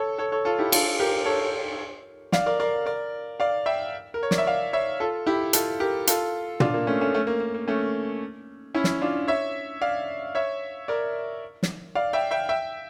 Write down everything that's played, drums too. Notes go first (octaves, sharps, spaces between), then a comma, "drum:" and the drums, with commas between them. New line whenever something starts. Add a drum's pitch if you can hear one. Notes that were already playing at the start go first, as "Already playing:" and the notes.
Already playing: A4 C#5
A4 C#5
A4 C#5
F4 A4
E4 G4
F4 A4, drum: cymbal
G4 A#4
A4 C#5
D5 F5, drum: snare
A#4 D5
A#4 D5
A#4 D5
D5 F5
E5 G5
A#4
C#5
D5, drum: snare
E5
D5 F5
C#5 E5
F4 A4
E4 G4
F4 A4, drum: hi-hat
G4 A#4
F4 A4, drum: hi-hat
D4 F4, drum: tom
A#3
A3 C#4
A3 C#4
A3 C#4
A#3
A#3
A#3
A3 C#4
C#4 E4
drum: snare
D4 F4
C#5 E5
D5 F5
C#5 E5
A#4 D5
drum: snare
D5 F5
E5 G5
E5 G5
E5 G5